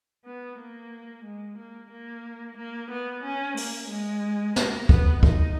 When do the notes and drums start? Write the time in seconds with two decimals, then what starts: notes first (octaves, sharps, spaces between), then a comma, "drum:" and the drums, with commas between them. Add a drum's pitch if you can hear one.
0.25 B3
0.59 A#3
1.24 G#3
1.58 A#3
1.91 A#3
2.57 A#3
2.90 B3
3.24 C#4
3.57 A#3, drum: open hi-hat
3.90 G#3
4.56 A#3, drum: snare
4.89 B3, drum: kick
5.23 D#4, drum: kick